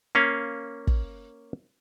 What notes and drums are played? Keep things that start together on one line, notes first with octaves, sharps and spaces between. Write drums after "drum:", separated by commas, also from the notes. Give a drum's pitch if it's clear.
A#3 C#4 F5
drum: kick